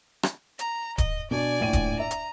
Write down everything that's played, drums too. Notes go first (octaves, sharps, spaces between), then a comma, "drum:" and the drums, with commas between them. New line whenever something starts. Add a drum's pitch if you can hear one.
drum: rim click
A#5, drum: hi-hat
D#5, drum: kick D1, hi-hat
B2 D4 D5 G#5
A#1 A2 D#7
drum: kick D1, hi-hat
E5 A#5
drum: hi-hat